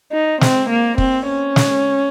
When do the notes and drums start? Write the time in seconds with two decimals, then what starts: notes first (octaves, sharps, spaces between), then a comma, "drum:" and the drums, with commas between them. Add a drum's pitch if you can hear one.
0.12 D#4
0.41 C4, drum: snare
0.70 A#3
0.98 C4, drum: kick
1.28 C#4
1.56 drum: snare